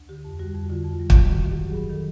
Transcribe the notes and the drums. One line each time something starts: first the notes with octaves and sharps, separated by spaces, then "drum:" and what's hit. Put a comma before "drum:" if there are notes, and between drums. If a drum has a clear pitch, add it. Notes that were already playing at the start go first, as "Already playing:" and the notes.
Already playing: D2
D3 G4
F2
G3 F#4
F2
D3 F4
F2
F4
G3
F4, drum: kick
F2
D#3 F#4
G2 F#4
G4
F#3
G#4
G2
D#3 A4